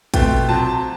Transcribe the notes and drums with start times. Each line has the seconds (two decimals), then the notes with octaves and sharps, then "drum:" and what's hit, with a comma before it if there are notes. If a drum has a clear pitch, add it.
0.14 B2 A3 C4 G5, drum: kick, hi-hat
0.49 C3 F#3 C4 A5